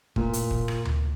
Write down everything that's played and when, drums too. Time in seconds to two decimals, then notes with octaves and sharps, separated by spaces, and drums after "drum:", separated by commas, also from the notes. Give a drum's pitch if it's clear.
0.16 A#2, drum: kick
0.33 drum: hi-hat
0.51 drum: kick
0.68 drum: rim click
0.85 drum: tom D2